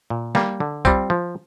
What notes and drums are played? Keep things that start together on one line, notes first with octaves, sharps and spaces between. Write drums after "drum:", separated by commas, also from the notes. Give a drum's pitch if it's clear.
A#2
G3 A#3, drum: snare
D3
G3 C4 F4, drum: kick C2, tambourine
F3